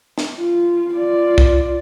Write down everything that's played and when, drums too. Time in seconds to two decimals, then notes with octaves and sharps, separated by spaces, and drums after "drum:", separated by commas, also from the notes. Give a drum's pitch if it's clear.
0.18 drum: snare
0.39 F4
0.94 F4 D5
1.38 drum: kick